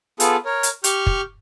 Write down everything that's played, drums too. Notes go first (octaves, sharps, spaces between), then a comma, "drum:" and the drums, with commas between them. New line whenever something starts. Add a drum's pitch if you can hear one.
B3 F4 G#4 A4, drum: hi-hat
A#4 C#5
drum: hi-hat
G4 C#6 F6 G6, drum: hi-hat
drum: kick